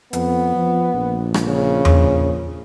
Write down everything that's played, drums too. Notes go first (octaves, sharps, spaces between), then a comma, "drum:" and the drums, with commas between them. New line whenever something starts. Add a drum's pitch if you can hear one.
F2 B3, drum: hi-hat
F3
A#1
drum: rim click
C#3
A#1, drum: tom E2